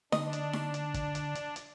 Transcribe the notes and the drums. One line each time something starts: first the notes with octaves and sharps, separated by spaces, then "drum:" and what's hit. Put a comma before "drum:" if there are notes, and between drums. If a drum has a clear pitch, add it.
D3 D4 D#5, drum: snare D#4
drum: hi-hat
drum: snare D#4
drum: hi-hat
drum: kick, hi-hat
drum: hi-hat
drum: hi-hat
drum: hi-hat